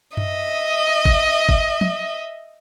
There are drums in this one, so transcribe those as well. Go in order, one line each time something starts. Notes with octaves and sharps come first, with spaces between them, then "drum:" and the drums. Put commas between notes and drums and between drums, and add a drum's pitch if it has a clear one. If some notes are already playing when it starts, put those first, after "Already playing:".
D#5 E5, drum: tom F#2
drum: kick G1
drum: kick G1
drum: tom